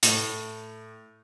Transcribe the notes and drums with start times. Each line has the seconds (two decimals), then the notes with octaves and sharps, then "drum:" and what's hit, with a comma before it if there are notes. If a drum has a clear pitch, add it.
0.03 A2, drum: hi-hat